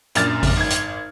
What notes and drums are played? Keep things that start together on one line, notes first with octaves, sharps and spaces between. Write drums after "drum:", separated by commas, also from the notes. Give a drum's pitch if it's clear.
F#2 A#2 D4 F6 A6, drum: hi-hat
drum: kick G#1, open hi-hat
G#1 G#6
drum: hi-hat